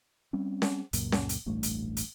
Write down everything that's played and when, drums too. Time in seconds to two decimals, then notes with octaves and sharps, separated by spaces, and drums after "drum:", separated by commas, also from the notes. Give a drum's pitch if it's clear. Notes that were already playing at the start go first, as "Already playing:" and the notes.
0.33 G3 C4 C#4
0.62 drum: snare C#4
0.93 C#2 F#2 A#2, drum: hi-hat
1.12 drum: snare C#4
1.29 drum: hi-hat
1.46 D#1 A1 G2 A3
1.63 drum: hi-hat
1.97 drum: hi-hat